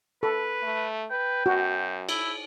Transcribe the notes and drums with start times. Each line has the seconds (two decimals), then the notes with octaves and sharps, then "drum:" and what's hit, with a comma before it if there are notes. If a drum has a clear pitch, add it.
0.23 A4 B4
0.63 A3
1.11 B4 G5
1.46 F#2 F#4
2.09 E4, drum: cymbal